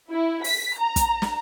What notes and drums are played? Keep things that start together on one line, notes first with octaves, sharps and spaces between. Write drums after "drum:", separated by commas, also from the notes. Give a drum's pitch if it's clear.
E4
B6, drum: open hi-hat
A#5
drum: kick, hi-hat
drum: snare